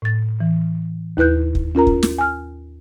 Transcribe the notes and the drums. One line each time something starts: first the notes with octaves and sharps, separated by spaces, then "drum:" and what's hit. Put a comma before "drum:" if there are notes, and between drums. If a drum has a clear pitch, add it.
A2 A6
E3
D#2 E4 B4 F#6 G6
drum: kick
C#4 F4 A#4 A#5
drum: kick
drum: snare
G#5 F6